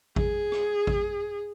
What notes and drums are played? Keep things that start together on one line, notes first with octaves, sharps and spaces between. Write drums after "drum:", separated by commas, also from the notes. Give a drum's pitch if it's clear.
G#4, drum: kick A1
drum: rim click
drum: kick A1